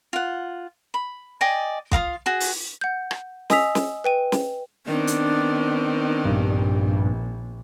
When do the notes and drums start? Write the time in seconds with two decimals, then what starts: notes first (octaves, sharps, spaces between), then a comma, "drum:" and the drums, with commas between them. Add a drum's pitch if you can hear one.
0.13 F4 F#5
0.94 B5
1.41 D5 D#5 G5 G#5
1.91 F4 A#4 F5 D#6, drum: kick
2.26 F#4 G#4
2.40 drum: open hi-hat
2.81 F#5 G6
3.11 drum: rim click
3.50 D#5 G#5 D#6 E6 B6 F7, drum: snare
3.75 drum: snare
4.04 B4 G5 D#7
4.32 drum: snare
4.87 D#3 B3 C4 D4
5.07 drum: hi-hat
6.25 A#1 G2